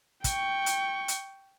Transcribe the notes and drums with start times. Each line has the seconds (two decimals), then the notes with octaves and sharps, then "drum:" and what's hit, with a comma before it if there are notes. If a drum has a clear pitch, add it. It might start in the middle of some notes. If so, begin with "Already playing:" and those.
0.24 G5 C#6, drum: kick, hi-hat
0.66 drum: hi-hat
1.08 drum: hi-hat